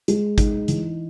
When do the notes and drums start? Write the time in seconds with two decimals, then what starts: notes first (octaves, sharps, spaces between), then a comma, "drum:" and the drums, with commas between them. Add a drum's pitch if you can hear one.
0.08 G#3, drum: hi-hat
0.38 D#4, drum: kick G#1, hi-hat
0.68 E3, drum: hi-hat